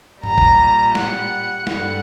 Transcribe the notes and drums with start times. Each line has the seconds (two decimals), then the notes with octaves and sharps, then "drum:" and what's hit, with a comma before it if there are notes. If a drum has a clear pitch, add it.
0.24 A#2 G3 A#5, drum: tom G2
0.38 drum: kick
0.95 F#5, drum: snare
1.67 G2 D3 G3 F#5, drum: snare